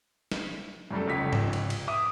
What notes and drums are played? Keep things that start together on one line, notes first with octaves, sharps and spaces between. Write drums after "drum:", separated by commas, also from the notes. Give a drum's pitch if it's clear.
drum: snare
F#2 G3 A3
F1 C#2 B6
drum: tom G#2
drum: cymbal
drum: cymbal
E5 D6 D#6